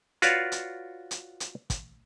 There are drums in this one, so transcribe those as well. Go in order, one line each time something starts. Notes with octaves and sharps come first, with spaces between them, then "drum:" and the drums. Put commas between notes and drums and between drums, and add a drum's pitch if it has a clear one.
F4 F#4 B4 C#5 D5 F5, drum: hi-hat
drum: hi-hat
drum: hi-hat
drum: hi-hat
drum: kick, hi-hat